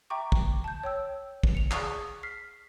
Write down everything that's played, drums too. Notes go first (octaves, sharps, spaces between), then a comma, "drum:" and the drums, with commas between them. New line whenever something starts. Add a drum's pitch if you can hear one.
E5 G5 A#5 C#6 D6
drum: kick
A5 G6
C#5 G5 E6
drum: kick
C#7 F7
G#4 D5 C#6 D#6 F7, drum: clap
F6 B6 C7